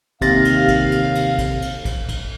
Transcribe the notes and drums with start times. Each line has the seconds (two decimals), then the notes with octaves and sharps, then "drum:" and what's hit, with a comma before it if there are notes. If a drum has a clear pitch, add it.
0.22 D#2 C3 F5 A6 A#6, drum: kick, cymbal
0.45 drum: cymbal
0.68 drum: kick, cymbal
0.92 drum: cymbal
1.15 drum: cymbal
1.39 drum: kick, cymbal
1.62 drum: cymbal
1.85 drum: kick, cymbal
2.09 drum: kick, cymbal